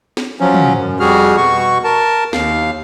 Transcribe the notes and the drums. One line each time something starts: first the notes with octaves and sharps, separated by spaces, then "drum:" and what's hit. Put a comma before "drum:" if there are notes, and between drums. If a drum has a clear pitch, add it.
drum: snare
F3 F#3 C#4
drum: tom
F#2
F2 G3 F#4 G#4 F6
B2 F#4 C#6
A#4 A5
D#2 F5, drum: snare